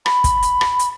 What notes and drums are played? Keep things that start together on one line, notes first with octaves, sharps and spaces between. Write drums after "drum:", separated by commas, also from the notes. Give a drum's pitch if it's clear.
B5, drum: rim click
drum: kick, hi-hat
drum: hi-hat
drum: rim click
drum: hi-hat